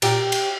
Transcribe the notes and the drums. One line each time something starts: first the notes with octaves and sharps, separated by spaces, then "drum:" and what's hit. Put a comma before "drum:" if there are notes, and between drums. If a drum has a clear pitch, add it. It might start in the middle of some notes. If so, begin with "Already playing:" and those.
A#2 G4, drum: cymbal
drum: cymbal